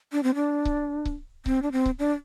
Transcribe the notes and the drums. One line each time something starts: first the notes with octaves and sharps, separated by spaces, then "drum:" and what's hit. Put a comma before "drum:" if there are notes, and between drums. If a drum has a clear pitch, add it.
D4
C4
D4
drum: kick C#1
drum: kick C#1
C4, drum: kick C#1
D4
C4
drum: kick C#1
D4